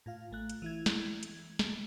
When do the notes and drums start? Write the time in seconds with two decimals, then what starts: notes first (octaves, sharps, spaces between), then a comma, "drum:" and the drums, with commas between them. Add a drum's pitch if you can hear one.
0.06 A2 F4 F5
0.31 A1 A3 F#6
0.50 drum: hi-hat
0.62 E3 E4 G#6
0.86 drum: snare
1.23 drum: hi-hat
1.59 drum: snare